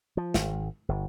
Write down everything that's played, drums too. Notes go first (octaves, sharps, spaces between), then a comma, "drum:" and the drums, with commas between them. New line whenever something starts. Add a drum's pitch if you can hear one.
F3
G#1, drum: snare
G1